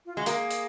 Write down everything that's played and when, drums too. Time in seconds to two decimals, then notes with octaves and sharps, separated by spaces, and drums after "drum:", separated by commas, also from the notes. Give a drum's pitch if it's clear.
0.06 F4
0.16 G#3 F#4
0.26 A#3 G#4, drum: hi-hat
0.51 drum: hi-hat